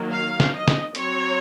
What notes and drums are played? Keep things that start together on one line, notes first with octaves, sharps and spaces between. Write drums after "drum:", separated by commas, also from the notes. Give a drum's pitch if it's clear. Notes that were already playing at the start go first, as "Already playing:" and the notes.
Already playing: D#3 F#3 A#3
F5
drum: snare
D#5
drum: snare
F#3 C4 C#5, drum: hi-hat